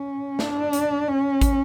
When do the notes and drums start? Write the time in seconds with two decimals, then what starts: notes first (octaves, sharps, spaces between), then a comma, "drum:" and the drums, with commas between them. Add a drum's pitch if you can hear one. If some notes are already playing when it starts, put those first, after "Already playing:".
Already playing: C#4
0.39 D4, drum: snare
0.73 drum: hi-hat
1.08 C#4
1.41 drum: kick, hi-hat